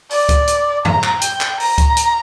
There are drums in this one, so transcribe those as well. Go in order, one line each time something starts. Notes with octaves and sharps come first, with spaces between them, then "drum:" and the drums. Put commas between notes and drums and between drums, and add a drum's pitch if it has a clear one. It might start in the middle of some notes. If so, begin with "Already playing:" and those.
D5, drum: open hi-hat
drum: kick C#2, hi-hat
drum: hi-hat
A#5, drum: tom F2
drum: clap
G5, drum: hi-hat
drum: clap
A#5, drum: open hi-hat
drum: kick C#2, hi-hat
drum: hi-hat